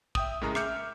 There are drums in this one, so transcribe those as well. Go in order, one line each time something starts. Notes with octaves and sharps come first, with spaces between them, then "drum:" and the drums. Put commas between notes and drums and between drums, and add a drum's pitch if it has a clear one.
E5 G5 D#6, drum: kick
A2 C#3 G#3 A#4 A#5
E5 D6 F6 G6 C#7, drum: rim click